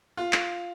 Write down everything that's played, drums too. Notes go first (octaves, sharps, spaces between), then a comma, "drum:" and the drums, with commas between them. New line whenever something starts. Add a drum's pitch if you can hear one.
F4
drum: clap